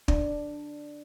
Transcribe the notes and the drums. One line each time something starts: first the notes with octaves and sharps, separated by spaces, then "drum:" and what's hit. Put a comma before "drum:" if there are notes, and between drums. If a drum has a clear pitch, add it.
D4, drum: kick